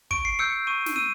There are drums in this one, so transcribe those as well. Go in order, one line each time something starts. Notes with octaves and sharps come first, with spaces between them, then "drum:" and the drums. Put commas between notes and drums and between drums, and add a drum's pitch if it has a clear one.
C#6 D7, drum: kick
C7
E6 G6 C#7
C#6 D#7
drum: snare
E6 D#7